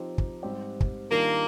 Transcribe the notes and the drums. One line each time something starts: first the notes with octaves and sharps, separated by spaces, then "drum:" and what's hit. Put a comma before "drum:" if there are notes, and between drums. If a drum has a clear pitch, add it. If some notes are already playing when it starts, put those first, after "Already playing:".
Already playing: F3 C4 D#4 G4
drum: kick
G#2 G3 C4 G4
drum: kick
D#3 G3 A#3 D4 F4